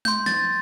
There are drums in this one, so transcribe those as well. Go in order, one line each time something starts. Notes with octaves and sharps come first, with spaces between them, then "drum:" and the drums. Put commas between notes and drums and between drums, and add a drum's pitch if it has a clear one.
C6 G6, drum: tom G#3
A6, drum: snare